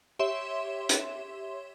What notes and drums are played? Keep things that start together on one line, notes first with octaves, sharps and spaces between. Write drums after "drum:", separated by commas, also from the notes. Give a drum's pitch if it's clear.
G4 C#5 E5 C6 E7
drum: hi-hat